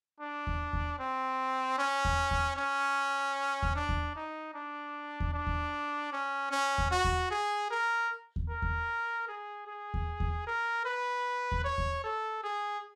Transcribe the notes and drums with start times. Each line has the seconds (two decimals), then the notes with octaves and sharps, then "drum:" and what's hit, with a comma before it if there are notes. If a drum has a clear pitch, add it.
0.21 D4
0.47 drum: kick D#2
0.73 drum: kick D#2
0.99 C4
1.79 C#4
2.05 drum: kick D#2
2.31 drum: kick D#2
2.57 C#4
3.63 drum: kick D#2
3.76 D4
3.89 drum: kick D#2
4.16 D#4
4.55 D4
5.20 drum: kick D#2
5.34 D4
5.47 drum: kick D#2
6.13 C#4
6.51 C#4
6.78 drum: kick D#2
6.91 F#4
7.04 drum: kick D#2
7.31 G#4
7.71 A#4
8.36 drum: kick D#2
8.49 A#4
8.62 drum: kick D#2
9.28 G#4
9.68 G#4
9.94 drum: kick D#2
10.20 drum: kick D#2
10.47 A#4
10.86 B4
11.52 drum: kick D#2
11.65 C#5
11.78 drum: kick D#2
12.04 A4
12.43 G#4